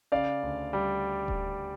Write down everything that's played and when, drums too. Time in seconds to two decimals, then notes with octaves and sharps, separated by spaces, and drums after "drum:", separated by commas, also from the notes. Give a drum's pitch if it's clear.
0.12 C#3 D5 F5
0.43 D2
0.73 G3
1.28 drum: kick D#1